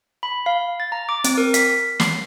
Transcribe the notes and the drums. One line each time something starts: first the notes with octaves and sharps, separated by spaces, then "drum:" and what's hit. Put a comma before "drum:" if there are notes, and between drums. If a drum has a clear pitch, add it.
B5
F5
A6
A#5
D6
C4, drum: hi-hat
A#4
B6, drum: hi-hat
C7, drum: snare